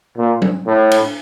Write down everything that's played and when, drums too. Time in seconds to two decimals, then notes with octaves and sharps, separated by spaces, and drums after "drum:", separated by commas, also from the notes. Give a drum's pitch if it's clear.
0.17 A#2
0.42 drum: tom F#3
0.66 A2
0.91 drum: cymbal